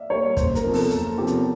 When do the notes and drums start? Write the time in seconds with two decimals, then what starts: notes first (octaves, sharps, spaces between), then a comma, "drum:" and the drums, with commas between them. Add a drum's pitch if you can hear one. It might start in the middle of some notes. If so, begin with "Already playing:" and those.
Already playing: D5 E5 F5
0.10 G3 A#3 C#5
0.37 F#1 C5, drum: kick, hi-hat
0.55 A#4, drum: hi-hat
0.64 E2 C3 F3
0.73 A4, drum: open hi-hat
0.90 F#1, drum: hi-hat
1.18 E2 C3 F3 G4
1.27 drum: hi-hat